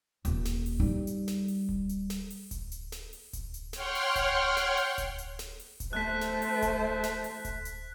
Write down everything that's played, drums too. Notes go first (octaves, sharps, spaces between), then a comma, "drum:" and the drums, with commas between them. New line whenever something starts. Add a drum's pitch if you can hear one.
D#1, drum: hi-hat
drum: snare
drum: open hi-hat
G3 D#4
drum: hi-hat
drum: snare
drum: open hi-hat
drum: kick D1
drum: hi-hat
drum: snare
drum: open hi-hat
drum: kick D1, hi-hat
drum: hi-hat
drum: snare
drum: open hi-hat
drum: kick D1, hi-hat
drum: hi-hat
C#5 F#5 G5 C6 F6, drum: snare
drum: open hi-hat
drum: kick D1, hi-hat
drum: snare
drum: open hi-hat
drum: kick D1, hi-hat
drum: hi-hat
drum: snare
drum: open hi-hat
drum: kick D1, hi-hat
A3 C5 F#6 B6
drum: snare
drum: open hi-hat
drum: kick D1, hi-hat
drum: snare
drum: open hi-hat
drum: kick D1, hi-hat
drum: hi-hat